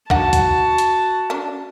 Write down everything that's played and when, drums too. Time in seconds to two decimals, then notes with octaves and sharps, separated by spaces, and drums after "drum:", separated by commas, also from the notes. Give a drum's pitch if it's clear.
0.10 D4 D#4 F#4 F#5 A5, drum: kick
0.33 drum: kick, hi-hat
0.78 drum: hi-hat
1.30 C#4 D4 A5